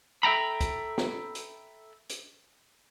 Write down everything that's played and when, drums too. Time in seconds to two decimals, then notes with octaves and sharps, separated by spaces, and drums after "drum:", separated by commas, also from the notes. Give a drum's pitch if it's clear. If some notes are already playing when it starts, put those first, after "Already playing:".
0.23 A4 E5 G5 A#5 B5
0.61 drum: kick, hi-hat
0.98 drum: snare
1.35 drum: hi-hat
2.10 drum: hi-hat